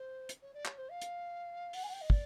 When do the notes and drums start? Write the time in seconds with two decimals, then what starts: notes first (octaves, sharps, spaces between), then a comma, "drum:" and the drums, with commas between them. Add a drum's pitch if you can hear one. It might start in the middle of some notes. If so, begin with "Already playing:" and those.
Already playing: C5
0.29 drum: hi-hat
0.41 C#5
0.53 D5
0.66 C#5, drum: clap
0.77 C5
0.90 F5
1.02 drum: hi-hat
1.73 F#5, drum: open hi-hat
1.83 G#5
1.87 F#5
1.92 G5
2.01 D#5
2.10 D5, drum: kick